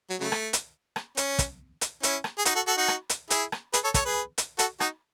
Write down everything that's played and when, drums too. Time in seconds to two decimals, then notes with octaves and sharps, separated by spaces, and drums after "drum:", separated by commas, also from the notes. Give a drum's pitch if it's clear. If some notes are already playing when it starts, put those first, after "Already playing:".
0.10 F#3
0.21 C#3 F#3 A3
0.32 drum: rim click
0.53 drum: hi-hat
0.96 drum: rim click
1.17 C#4, drum: hi-hat
1.39 drum: kick, hi-hat
1.81 drum: hi-hat
2.03 C#4 E4, drum: hi-hat
2.24 drum: rim click
2.38 G#4
2.45 D#4 F#4, drum: hi-hat
2.55 F#4 A4
2.67 F#4 A4
2.78 D#4 F#4
2.88 drum: rim click
3.09 drum: hi-hat
3.30 E4 G#4, drum: hi-hat
3.52 drum: rim click
3.73 G#4 B4, drum: hi-hat
3.84 A4 C#5
3.94 A4 C#5, drum: kick, hi-hat
4.05 G#4 B4
4.38 drum: hi-hat
4.59 F#4 A4, drum: hi-hat
4.80 D#4 F#4, drum: rim click